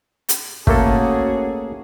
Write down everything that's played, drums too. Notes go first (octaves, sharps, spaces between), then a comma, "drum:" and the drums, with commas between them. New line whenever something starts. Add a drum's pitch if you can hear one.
drum: hi-hat
A3 A#3 C#4 F#4 G#4 A4, drum: kick